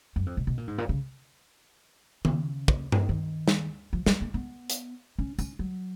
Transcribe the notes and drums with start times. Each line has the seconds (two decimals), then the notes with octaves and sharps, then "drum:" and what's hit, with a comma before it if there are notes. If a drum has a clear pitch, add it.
0.16 F#2
0.26 F2
0.37 B2
0.47 B2
0.58 A#2
0.68 G#2
0.78 A#2
0.89 C#3
2.25 C#3, drum: tom D#3
2.68 drum: kick
2.92 drum: tom G2
3.09 D#3
3.48 drum: snare
3.93 F3
4.06 F#3, drum: snare
4.21 A#3
4.34 B3
4.70 drum: hi-hat
5.19 C#4
5.39 C#4, drum: tambourine
5.59 F#3